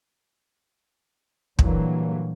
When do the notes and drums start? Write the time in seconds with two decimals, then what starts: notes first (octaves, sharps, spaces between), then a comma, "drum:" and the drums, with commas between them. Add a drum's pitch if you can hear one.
1.59 A#2 D3 E3 F#3 G3 A#3, drum: kick